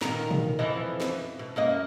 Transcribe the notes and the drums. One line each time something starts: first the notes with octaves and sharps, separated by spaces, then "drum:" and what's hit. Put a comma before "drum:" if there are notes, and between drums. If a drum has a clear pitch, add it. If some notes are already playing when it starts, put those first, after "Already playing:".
A#2 D#3 A#4, drum: snare
drum: tom
F2 E3 D#5
drum: snare
B2
F#2 A#3 D#5